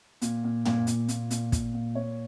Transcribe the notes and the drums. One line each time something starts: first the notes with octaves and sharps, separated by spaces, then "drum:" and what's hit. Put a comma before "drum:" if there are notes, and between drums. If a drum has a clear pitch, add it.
A#2, drum: hi-hat
A#2
A#2, drum: tom
A#2, drum: hi-hat
A#2, drum: hi-hat
A#2, drum: hi-hat
A#2, drum: kick, hi-hat
A#2
A#2 C#5